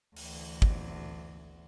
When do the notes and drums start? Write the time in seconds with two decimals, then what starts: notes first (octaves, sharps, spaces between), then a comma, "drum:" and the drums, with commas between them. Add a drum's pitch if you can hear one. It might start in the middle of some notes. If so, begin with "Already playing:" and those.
0.17 D2 E3, drum: open hi-hat
0.62 drum: kick